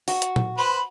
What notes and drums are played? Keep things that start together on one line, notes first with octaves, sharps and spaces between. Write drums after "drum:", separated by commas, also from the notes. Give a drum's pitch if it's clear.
F#4, drum: open hi-hat
drum: hi-hat
drum: tom A#2
B4 C5 B5